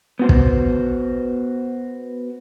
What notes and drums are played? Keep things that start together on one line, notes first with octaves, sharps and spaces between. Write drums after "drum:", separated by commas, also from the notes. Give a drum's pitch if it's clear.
B3 F#4 C5
drum: kick